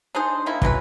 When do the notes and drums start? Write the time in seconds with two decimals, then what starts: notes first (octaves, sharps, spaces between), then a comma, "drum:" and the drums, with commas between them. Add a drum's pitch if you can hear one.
0.15 D4 D#4 G#4 C5
0.46 D#3 A#3 E4
0.62 E3 F#3 A#4 B4, drum: kick